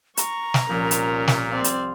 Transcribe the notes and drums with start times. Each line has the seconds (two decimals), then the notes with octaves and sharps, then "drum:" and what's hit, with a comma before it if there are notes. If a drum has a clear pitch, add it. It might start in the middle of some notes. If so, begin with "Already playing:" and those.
0.17 A#5 C#6, drum: hi-hat
0.54 drum: snare
0.69 C2 A#2 F3 C#4 A#4
0.91 drum: hi-hat
1.28 drum: snare
1.51 C4 D5 F5 C6
1.64 drum: hi-hat